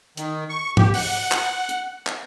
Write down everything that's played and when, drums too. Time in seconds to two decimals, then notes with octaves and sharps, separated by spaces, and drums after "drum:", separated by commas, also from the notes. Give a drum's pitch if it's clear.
0.17 D#3, drum: hi-hat
0.49 C#6
0.77 G4, drum: tom G#2
0.94 F#5, drum: open hi-hat
1.31 drum: clap
1.69 drum: hi-hat
2.07 drum: clap